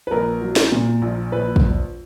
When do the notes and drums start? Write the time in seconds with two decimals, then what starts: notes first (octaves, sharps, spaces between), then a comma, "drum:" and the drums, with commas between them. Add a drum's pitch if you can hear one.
0.07 B4
0.11 A#1 A#4
0.41 F#3
0.56 drum: snare
0.72 A#2
1.02 A#1
1.32 A#1 B4
1.56 drum: kick